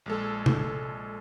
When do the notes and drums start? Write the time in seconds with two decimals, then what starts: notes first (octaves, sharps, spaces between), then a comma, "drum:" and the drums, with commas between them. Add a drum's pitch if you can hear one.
0.06 A#1 G#3 A4
0.46 drum: tom